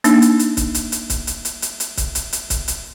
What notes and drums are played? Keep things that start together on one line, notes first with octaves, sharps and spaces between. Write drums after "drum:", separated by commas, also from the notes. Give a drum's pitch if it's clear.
A#3 D4 D#4, drum: hi-hat
drum: hi-hat
drum: hi-hat
drum: kick C#1, hi-hat
drum: hi-hat
drum: hi-hat
drum: kick C#1, hi-hat
drum: hi-hat
drum: hi-hat
drum: hi-hat
drum: hi-hat
drum: kick C#1, hi-hat
drum: hi-hat
drum: hi-hat
drum: kick C#1, hi-hat
drum: hi-hat